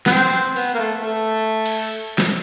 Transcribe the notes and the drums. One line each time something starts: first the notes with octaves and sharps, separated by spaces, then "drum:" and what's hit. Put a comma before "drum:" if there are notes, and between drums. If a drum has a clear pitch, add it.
B3, drum: snare
C4
B3, drum: open hi-hat
A#3
A3
A3
drum: cymbal
drum: snare